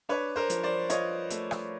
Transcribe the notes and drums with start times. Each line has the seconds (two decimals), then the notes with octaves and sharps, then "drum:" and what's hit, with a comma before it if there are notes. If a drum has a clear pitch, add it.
0.09 D4 B4 C#5
0.36 A#4 C5
0.50 F3, drum: hi-hat
0.63 C5 D5
0.90 F4 C#5 D#5, drum: hi-hat
1.30 A3, drum: hi-hat
1.51 drum: rim click